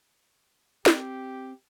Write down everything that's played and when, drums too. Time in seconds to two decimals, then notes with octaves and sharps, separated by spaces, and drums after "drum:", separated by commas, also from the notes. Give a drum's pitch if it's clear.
0.86 C4 G4, drum: snare